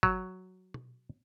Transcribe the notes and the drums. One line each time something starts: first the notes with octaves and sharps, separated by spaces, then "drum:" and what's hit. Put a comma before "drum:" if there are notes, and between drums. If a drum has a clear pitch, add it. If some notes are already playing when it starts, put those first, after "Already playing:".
F#3, drum: kick G1
drum: tom